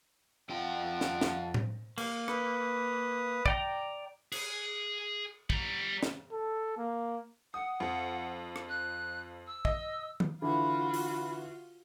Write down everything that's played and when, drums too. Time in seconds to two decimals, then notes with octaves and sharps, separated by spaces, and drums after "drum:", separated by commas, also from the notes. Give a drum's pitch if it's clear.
0.49 F2 F4 F#5 G5 A5
1.01 drum: snare
1.21 drum: snare
1.54 drum: tom A2
1.98 A#3, drum: cymbal
2.28 B4 D#6, drum: rim click
3.46 D5 G5 A#5, drum: kick
4.32 G#4, drum: cymbal
5.50 G3 A#5, drum: kick
6.03 drum: snare
6.32 A4
6.78 A#3
7.54 F#5 D#6
7.80 F2
8.56 drum: rim click
8.69 F#6
9.47 E6
9.65 D#5, drum: kick
10.20 drum: tom D#3
10.42 D3 E3 F4 F#4 B5
10.94 drum: open hi-hat